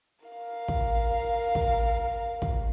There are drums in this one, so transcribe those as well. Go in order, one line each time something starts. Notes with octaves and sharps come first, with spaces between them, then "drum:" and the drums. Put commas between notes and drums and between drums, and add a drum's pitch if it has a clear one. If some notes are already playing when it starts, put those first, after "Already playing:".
A#4 F5
drum: kick
drum: kick
drum: kick